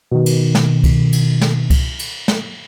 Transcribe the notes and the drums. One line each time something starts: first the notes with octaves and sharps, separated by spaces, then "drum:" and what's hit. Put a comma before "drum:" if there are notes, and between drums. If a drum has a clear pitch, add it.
B2 D#3
drum: cymbal
drum: snare
drum: kick C2, cymbal
drum: cymbal
drum: snare
drum: kick C2, cymbal
drum: cymbal
drum: snare